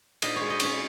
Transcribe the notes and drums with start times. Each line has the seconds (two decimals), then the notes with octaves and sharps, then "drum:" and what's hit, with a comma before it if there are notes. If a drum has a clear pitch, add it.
0.22 A#2 D#5, drum: cymbal
0.36 G#3 C#5
0.50 D#5
0.60 C#4 C#5, drum: cymbal